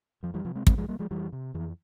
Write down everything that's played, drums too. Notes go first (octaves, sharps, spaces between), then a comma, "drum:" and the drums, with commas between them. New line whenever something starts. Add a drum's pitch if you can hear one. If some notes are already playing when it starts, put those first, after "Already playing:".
F2 F3
E3 G3
C3 F3
G#3 C4
G2 G#3 C4, drum: kick
F3 G#3
G3 A#3
F3 G#3
F2 E3 G3
C3
F2 E3